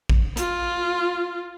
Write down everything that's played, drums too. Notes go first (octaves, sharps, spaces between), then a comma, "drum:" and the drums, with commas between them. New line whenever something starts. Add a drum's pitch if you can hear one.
drum: kick A#1
F4, drum: hi-hat